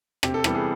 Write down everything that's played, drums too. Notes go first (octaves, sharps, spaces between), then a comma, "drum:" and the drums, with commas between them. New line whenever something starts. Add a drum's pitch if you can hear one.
C3 G4, drum: rim click
A4
E3 G3 B3 A4, drum: rim click
G#4